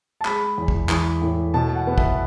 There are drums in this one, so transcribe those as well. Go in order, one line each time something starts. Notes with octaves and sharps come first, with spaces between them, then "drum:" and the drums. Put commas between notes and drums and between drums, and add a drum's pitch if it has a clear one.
A5
G#3 B5, drum: clap
E2
drum: kick
E3, drum: clap
A2
B2 A5
F#5
B3
E5, drum: kick